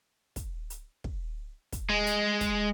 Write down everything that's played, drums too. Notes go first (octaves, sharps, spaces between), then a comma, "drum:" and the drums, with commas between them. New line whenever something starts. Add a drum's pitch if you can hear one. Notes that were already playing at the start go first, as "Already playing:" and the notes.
drum: kick, hi-hat
drum: hi-hat
drum: kick
drum: kick, hi-hat
G#3
drum: hi-hat
drum: kick, hi-hat